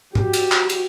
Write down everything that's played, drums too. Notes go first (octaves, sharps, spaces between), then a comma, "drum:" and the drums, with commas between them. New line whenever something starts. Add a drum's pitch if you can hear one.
F#4 G4, drum: tom G#2
drum: cymbal
drum: clap
drum: cymbal